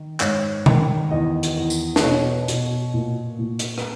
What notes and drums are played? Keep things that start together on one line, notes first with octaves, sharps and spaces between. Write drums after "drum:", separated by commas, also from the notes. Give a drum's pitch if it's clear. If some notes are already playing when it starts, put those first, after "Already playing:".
Already playing: D#3
G#2 C#5, drum: clap
D#3, drum: tom B2
E2 D#5
drum: hi-hat
E2
drum: tambourine
B4, drum: snare
B2 C#5
B2, drum: hi-hat
A#2
A#2
drum: hi-hat
B4, drum: rim click